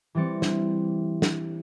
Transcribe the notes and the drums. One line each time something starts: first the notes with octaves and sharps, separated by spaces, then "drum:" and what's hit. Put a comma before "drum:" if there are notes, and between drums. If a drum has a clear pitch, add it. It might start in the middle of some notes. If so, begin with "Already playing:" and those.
E3 G3 C4 A6 C#7
drum: snare
drum: snare